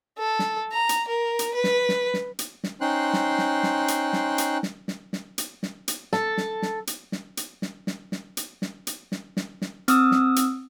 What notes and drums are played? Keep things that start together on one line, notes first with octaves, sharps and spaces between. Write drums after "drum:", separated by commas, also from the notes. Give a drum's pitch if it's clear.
A4
drum: snare
A#5
drum: hi-hat
A#4
drum: hi-hat
B4
drum: snare
drum: snare
drum: snare
drum: hi-hat
drum: snare
C#4 D#4 C5 G5 C6 F#6
drum: snare
drum: snare
drum: snare
drum: hi-hat
drum: snare
drum: hi-hat
drum: snare
drum: snare
drum: snare
drum: hi-hat
drum: snare
drum: hi-hat
A4, drum: snare
drum: snare
drum: snare
drum: hi-hat
drum: snare
drum: hi-hat
drum: snare
drum: snare
drum: snare
drum: hi-hat
drum: snare
drum: hi-hat
drum: snare
drum: snare
drum: snare
C4 D#6 E6, drum: hi-hat
drum: snare
drum: hi-hat